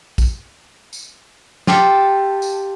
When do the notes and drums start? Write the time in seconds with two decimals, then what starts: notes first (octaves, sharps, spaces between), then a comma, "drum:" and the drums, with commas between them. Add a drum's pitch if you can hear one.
0.18 drum: kick, tambourine
0.93 drum: tambourine
1.67 F4 G4 A4, drum: snare
2.42 drum: tambourine